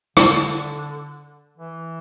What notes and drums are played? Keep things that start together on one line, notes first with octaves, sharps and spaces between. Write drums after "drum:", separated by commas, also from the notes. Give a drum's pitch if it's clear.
D3, drum: rim click
E3